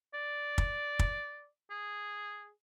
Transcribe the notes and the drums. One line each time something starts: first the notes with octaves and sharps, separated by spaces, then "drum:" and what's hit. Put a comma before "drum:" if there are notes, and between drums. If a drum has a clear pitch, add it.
D5
drum: kick
drum: kick
G#4